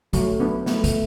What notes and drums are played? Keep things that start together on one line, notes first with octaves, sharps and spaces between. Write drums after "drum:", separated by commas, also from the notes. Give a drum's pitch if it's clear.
F#3 A3, drum: kick, hi-hat
B3 D4
A3 B3, drum: snare
drum: kick, hi-hat